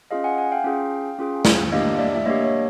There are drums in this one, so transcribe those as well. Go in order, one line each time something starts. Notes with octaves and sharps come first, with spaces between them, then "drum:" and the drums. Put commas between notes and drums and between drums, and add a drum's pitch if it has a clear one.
C#4 F4 G#4 D#5 F5
F#5 G#5
F#5 G#5
F5 G5
C#4 F4 G#4
C#4 F4 G#4
drum: snare
A#3 D4 G4 D#5 F5
D5 E5
E5
A#3 D4 G4 C#5 D#5
C#5